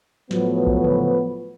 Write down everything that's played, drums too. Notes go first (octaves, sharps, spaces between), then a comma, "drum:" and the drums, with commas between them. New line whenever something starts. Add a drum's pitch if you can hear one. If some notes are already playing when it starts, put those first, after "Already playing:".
A2 F3 F#3 B3 F#4 B4, drum: snare
drum: kick A#1
drum: tom C#3